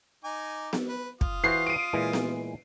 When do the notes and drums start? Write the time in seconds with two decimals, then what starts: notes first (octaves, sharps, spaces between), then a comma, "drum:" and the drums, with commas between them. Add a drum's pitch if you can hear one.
0.24 D#4 G#5 D6
0.73 drum: snare B3
0.88 B4
1.21 F4 D#6, drum: kick
1.44 E3 F#4 C5 C7
1.66 D7 D#7
1.93 A#2 E3 G#3
2.13 drum: snare B3